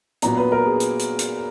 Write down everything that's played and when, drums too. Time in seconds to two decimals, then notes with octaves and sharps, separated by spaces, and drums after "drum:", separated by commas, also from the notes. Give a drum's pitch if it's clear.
0.22 A#2 F#3 B3 A#5, drum: hi-hat
0.37 B4
0.52 A#4
0.66 G#4
0.80 drum: hi-hat
1.00 drum: hi-hat
1.19 drum: hi-hat